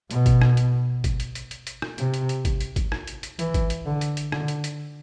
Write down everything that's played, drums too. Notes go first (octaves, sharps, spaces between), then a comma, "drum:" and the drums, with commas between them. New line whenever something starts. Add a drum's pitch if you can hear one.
B2, drum: hi-hat
drum: kick G#1, hi-hat
drum: rim click
drum: hi-hat
drum: kick G#1, hi-hat
drum: hi-hat
drum: hi-hat
drum: hi-hat
drum: hi-hat
drum: rim click
C3, drum: hi-hat
drum: hi-hat
drum: hi-hat
drum: kick G#1, hi-hat
drum: hi-hat
drum: kick G#1, hi-hat
drum: rim click
drum: hi-hat
drum: hi-hat
E3, drum: hi-hat
drum: kick G#1, hi-hat
drum: hi-hat
D3
drum: hi-hat
drum: hi-hat
D3, drum: rim click
drum: hi-hat
drum: hi-hat